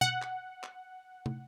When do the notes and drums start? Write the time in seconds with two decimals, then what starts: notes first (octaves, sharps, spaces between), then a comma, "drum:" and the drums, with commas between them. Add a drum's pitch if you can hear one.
0.01 F#5, drum: tom B2
0.22 drum: clap
0.63 drum: clap
1.26 drum: tom